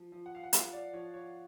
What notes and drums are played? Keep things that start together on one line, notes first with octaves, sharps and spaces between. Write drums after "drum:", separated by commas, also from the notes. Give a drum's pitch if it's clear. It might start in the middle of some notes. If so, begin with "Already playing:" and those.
Already playing: F3
F3
F#5
F5
F#5
F3 F5, drum: hi-hat
D5
F3 C#5
C#5